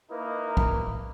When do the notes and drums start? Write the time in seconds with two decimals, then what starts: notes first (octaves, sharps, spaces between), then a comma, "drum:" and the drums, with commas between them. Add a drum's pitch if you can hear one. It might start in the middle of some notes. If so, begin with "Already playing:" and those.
0.11 A#3 D#4 E4 A#4 B4
0.57 drum: kick